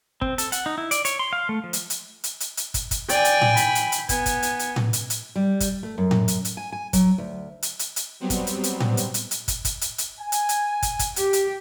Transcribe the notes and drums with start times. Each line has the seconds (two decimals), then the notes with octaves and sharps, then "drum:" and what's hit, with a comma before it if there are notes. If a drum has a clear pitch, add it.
0.21 C4, drum: kick
0.38 A4, drum: hi-hat
0.52 F#5, drum: hi-hat
0.66 D#4
0.78 E4
0.91 D5, drum: hi-hat
1.05 C#5, drum: hi-hat
1.19 C6
1.33 F5
1.49 A3
1.64 F3
1.73 drum: hi-hat
1.90 drum: hi-hat
2.24 drum: hi-hat
2.40 drum: hi-hat
2.57 drum: hi-hat
2.74 drum: kick, hi-hat
2.91 drum: kick, hi-hat
3.09 D5 G5 G#5, drum: hi-hat
3.25 drum: hi-hat
3.41 drum: tom A2
3.57 B5, drum: hi-hat
3.75 drum: hi-hat
3.92 drum: hi-hat
4.09 B3 G#5, drum: kick, hi-hat
4.26 drum: kick, hi-hat
4.43 drum: hi-hat
4.59 drum: hi-hat
4.76 drum: tom A2
4.93 drum: hi-hat
5.10 drum: hi-hat
5.36 G3
5.60 drum: kick, hi-hat
5.83 A3
5.98 F#2
6.11 drum: tom A2
6.28 drum: hi-hat
6.45 drum: hi-hat
6.57 G#5
6.72 G#5
6.93 F#3, drum: kick, hi-hat
7.18 D2
7.62 drum: hi-hat
7.79 drum: hi-hat
7.96 drum: hi-hat
8.20 F#3 G3 B3 C4
8.30 drum: kick, hi-hat
8.47 drum: hi-hat
8.64 drum: hi-hat
8.80 drum: tom A2
8.97 drum: hi-hat
9.14 drum: hi-hat
9.31 drum: hi-hat
9.48 drum: kick, hi-hat
9.65 drum: kick, hi-hat
9.81 drum: hi-hat
9.98 drum: hi-hat
10.20 G#5
10.32 drum: hi-hat
10.49 drum: hi-hat
10.82 drum: kick, hi-hat
10.99 drum: kick, hi-hat
11.16 G4, drum: hi-hat
11.33 drum: hi-hat